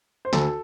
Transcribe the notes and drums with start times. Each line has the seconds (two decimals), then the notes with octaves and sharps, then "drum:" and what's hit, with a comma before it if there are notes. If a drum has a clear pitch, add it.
0.25 C5
0.33 D2 A4, drum: snare